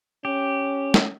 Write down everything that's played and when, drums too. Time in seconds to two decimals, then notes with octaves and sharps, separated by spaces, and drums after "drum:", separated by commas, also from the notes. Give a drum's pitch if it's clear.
0.25 C#4 G4
0.94 drum: snare